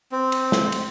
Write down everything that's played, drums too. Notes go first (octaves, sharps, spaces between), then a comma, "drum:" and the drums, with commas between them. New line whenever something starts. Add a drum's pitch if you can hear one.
C4
drum: cymbal
drum: snare
drum: cymbal